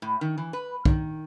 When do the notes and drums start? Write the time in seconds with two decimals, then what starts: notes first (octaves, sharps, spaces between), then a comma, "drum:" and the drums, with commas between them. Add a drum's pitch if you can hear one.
0.02 A2
0.21 D#3
0.38 E3
0.53 B4
0.85 D#3, drum: kick